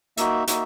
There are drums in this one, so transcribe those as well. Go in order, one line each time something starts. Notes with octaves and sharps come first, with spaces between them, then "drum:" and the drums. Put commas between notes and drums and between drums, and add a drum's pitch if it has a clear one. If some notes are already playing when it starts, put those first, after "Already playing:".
A#3 D#4 F#4 E5, drum: hi-hat
A#3 D#4 F#4 E5, drum: hi-hat